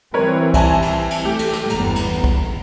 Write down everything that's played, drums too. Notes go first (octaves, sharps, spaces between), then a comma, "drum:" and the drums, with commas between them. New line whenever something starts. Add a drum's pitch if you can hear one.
E3 G3 C4 A#4 B4 C#5
E4 G#5 A5, drum: kick, cymbal
drum: cymbal
drum: cymbal
A3 G4
drum: cymbal
drum: snare
G1 E2 B3 A#5, drum: cymbal
drum: cymbal
drum: kick